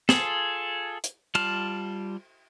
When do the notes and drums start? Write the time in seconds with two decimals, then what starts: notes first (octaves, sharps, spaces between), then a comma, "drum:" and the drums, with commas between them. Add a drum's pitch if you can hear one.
0.09 F4 G#4 A4, drum: snare
1.04 drum: hi-hat
1.35 G3 F4 A5 F6, drum: cymbal